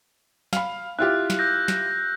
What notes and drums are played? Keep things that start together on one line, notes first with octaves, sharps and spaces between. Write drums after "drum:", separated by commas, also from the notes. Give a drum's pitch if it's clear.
F5 B5, drum: snare
E4 F4 G4 F#6
drum: snare
E6 G6 A#6
drum: snare